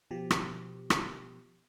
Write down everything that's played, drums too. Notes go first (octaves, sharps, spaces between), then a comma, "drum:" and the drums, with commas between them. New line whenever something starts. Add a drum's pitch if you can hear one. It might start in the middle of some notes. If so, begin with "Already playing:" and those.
B2 F3 G4
drum: rim click
drum: rim click